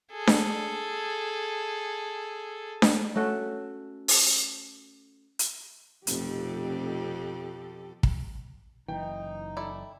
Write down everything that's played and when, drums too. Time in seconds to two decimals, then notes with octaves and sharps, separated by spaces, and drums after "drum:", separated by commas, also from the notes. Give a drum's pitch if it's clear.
0.12 G#4 A4
0.27 drum: snare D4
2.82 drum: snare D4
3.15 A3 C#4 F#4 A4
4.08 drum: open hi-hat
5.39 drum: hi-hat
6.07 F1 F2 B2 G4 A4, drum: hi-hat
8.03 drum: kick
8.88 F#1 E3 D#4 G5
9.57 E4 A4 D5